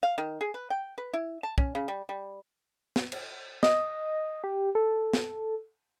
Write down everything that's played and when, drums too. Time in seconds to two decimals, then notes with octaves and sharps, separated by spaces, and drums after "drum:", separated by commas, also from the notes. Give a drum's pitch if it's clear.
0.03 F5
0.18 D#3
0.41 G#4
0.54 B4
0.70 G5
0.98 B4
1.14 E4
1.43 A5
1.58 C#4, drum: kick
1.75 C#3
1.88 G3
2.09 G3
2.96 drum: snare
3.12 drum: cymbal
3.63 D#5, drum: snare
4.44 G4
4.75 A4
5.13 drum: snare